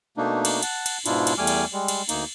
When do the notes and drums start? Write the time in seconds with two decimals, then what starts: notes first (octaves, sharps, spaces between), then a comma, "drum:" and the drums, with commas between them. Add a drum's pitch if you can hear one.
0.17 B2 A3 A#3 D4 D#4
0.45 drum: cymbal
0.63 F#5 A5, drum: cymbal
0.86 drum: cymbal
1.06 G#2 B2 D4 E4 F4, drum: cymbal
1.27 drum: cymbal
1.38 E2 G3 A3 G#5 D6 F6
1.47 drum: cymbal
1.72 G3 G#3
1.88 drum: cymbal
2.09 D2 A#3 D#4, drum: cymbal